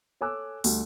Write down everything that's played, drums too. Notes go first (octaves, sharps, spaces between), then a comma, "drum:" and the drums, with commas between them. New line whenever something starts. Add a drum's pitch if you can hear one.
A4 C#5 G#5 D6 E6 F#6
D2 G3, drum: open hi-hat